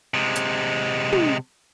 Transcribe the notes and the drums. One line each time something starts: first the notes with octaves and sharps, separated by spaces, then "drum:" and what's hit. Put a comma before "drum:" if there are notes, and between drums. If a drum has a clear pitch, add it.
C3 G#3
drum: hi-hat
drum: tom